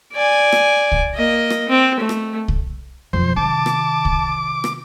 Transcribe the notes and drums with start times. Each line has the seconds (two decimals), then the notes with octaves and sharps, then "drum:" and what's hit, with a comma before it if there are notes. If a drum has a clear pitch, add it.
0.13 D5 G#5
0.52 drum: rim click
0.92 drum: kick C2
1.15 A#3 D#5
1.50 drum: rim click
1.69 C4
2.00 A3
2.09 drum: rim click
2.48 drum: kick C2
3.13 E1 F2 C5
3.37 C3 D#3 A5 D6
3.66 drum: rim click
4.05 drum: kick C2
4.64 drum: rim click